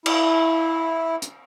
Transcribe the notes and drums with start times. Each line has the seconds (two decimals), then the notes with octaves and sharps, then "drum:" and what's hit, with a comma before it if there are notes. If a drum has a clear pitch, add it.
0.06 E4, drum: cymbal
1.22 drum: hi-hat